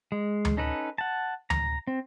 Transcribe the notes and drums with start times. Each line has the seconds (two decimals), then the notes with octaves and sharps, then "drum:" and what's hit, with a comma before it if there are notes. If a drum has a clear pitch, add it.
0.12 G#3
0.45 drum: tom D2
0.57 C#4 D#4 A4 B4
0.98 F#5 A5
1.50 A#5, drum: tom D2
1.87 C4